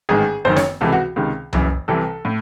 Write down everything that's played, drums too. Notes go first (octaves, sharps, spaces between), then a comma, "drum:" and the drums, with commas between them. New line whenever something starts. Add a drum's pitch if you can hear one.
A1 G#2 D#3 G#4
F#1 F#2 D#3 C5
C#5, drum: snare
C#2 C3 E3 A4
F#4
C#2 C3 D#3
F#1 F#2 E3, drum: tom C2
C2 C3 E3 A4
A2